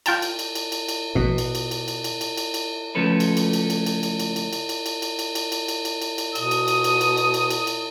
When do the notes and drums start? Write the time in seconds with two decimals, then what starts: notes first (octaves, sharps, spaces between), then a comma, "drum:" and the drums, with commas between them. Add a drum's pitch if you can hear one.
0.06 F4 G5 A5, drum: cymbal
0.22 drum: cymbal
0.39 drum: cymbal
0.55 drum: cymbal
0.72 drum: cymbal
0.89 drum: cymbal
1.15 A#1 B2
1.38 drum: cymbal
1.55 drum: cymbal
1.71 drum: cymbal
1.88 drum: cymbal
2.04 drum: cymbal
2.21 drum: cymbal
2.37 drum: cymbal
2.54 drum: cymbal
2.95 C#2 F3 A3 C#4 A4 B4
3.20 drum: cymbal
3.37 drum: cymbal
3.53 drum: cymbal
3.70 drum: cymbal
3.86 drum: cymbal
4.03 drum: cymbal
4.20 drum: cymbal
4.36 drum: cymbal
4.53 drum: cymbal
4.69 drum: cymbal
4.86 drum: cymbal
5.02 drum: cymbal
5.19 drum: cymbal
5.35 drum: cymbal
5.52 drum: cymbal
5.68 drum: cymbal
5.85 drum: cymbal
6.02 drum: cymbal
6.18 drum: cymbal
6.35 B2 D#6, drum: cymbal
6.51 drum: cymbal
6.68 drum: cymbal
6.84 drum: cymbal
7.01 drum: cymbal
7.17 drum: cymbal
7.34 drum: cymbal
7.50 drum: cymbal
7.67 drum: cymbal